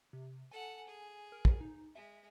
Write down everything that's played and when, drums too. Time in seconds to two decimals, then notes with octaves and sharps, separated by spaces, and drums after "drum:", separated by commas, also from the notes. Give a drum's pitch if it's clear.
0.13 C3
0.52 A4 F#5 G#5
0.87 G#4
1.32 A#4
1.45 drum: kick
1.61 D#4
1.96 G#3 E5